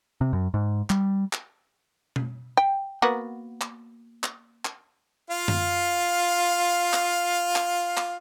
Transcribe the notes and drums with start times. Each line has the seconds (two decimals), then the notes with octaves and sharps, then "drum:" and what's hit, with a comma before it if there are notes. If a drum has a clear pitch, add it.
0.21 C3
0.33 F#2
0.54 G#2
0.90 G3, drum: clap
1.33 drum: clap
2.16 drum: tom B2
2.57 G5
3.02 A#3 B3 F#4
3.61 drum: clap
4.24 drum: clap
4.65 drum: clap
5.30 F4 F5
5.48 drum: tom F#2
6.93 drum: clap
7.56 drum: clap
7.97 drum: clap